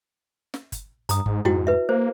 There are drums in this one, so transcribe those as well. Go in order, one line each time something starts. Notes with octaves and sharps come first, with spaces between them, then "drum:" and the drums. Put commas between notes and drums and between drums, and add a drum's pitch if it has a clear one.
drum: snare
drum: kick G1, hi-hat
G2 A#5 D#6, drum: hi-hat
G#2, drum: kick G1
G#2 E4 F#4 G5, drum: tom F2
B4 E5
A#3 C5